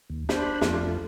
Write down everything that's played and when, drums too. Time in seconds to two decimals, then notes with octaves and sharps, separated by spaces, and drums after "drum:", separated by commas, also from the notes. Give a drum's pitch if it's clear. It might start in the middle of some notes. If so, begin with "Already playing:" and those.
0.10 D#2
0.29 D4 C5 B5, drum: snare
0.61 F2 A3 F4, drum: snare